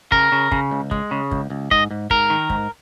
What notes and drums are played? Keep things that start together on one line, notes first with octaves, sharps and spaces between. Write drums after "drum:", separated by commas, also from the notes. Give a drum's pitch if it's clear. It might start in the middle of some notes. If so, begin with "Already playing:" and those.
C#3 A#4, drum: kick
C#3
C#3, drum: kick
C#2
G#3, drum: kick
C#3
C#2, drum: kick
C#2
G#2 D#5, drum: kick
G#2
G#2 A#4, drum: kick
D#3
G#2, drum: kick